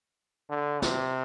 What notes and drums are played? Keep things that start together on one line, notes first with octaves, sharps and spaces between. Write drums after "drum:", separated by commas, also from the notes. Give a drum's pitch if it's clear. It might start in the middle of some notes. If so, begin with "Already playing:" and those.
D3
C3, drum: snare